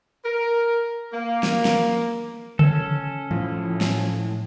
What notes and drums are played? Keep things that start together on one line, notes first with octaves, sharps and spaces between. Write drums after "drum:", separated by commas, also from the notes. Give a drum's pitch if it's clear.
A#4
A#3
drum: snare
drum: snare
C#4 A4, drum: tom C#3
A2 F3, drum: tom E3
drum: snare